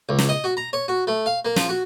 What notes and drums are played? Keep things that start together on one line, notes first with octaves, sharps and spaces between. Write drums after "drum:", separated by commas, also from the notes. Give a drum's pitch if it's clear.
C#2
drum: snare
D#5
F#4
A#5
C#5
F#4
A3
F5
A#3
F3, drum: snare
F#4